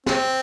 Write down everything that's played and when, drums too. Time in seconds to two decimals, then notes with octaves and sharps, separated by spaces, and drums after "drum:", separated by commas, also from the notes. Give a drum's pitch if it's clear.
0.06 C4, drum: snare